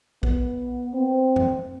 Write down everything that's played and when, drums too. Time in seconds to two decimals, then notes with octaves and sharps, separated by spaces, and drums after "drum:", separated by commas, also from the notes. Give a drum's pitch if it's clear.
0.23 B3, drum: kick
0.94 C4
1.36 drum: tom F#2